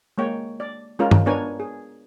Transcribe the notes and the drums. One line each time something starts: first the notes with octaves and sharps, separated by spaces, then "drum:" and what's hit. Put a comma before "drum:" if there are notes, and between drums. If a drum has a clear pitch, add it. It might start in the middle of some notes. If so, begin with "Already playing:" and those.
G#3 A#3 C#5 G5
D5
G#3 C#4 F4 A#4
drum: tom G2
B3 D4 A#4 C#5 G#5
G#4